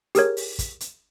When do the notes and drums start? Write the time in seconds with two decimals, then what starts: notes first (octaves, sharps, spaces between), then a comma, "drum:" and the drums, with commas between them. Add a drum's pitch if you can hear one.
0.15 G4 G#4 A#4 C#5, drum: hi-hat
0.37 drum: open hi-hat
0.59 drum: kick, hi-hat
0.80 drum: hi-hat